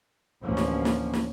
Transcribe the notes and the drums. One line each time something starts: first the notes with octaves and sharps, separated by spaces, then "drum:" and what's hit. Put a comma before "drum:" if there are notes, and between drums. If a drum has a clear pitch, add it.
A1 D2 F3 A#3 C#4
drum: snare
drum: snare
drum: snare